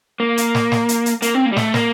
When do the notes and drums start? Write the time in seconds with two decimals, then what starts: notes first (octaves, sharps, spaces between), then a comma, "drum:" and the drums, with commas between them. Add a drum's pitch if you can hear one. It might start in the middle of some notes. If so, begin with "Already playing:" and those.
0.20 A#3
0.37 drum: hi-hat
0.55 drum: snare
0.72 drum: snare
0.89 drum: hi-hat
1.06 drum: hi-hat
1.22 A#3, drum: hi-hat
1.35 C4
1.46 A#3
1.52 G3
1.57 A3, drum: snare
1.74 A#3, drum: snare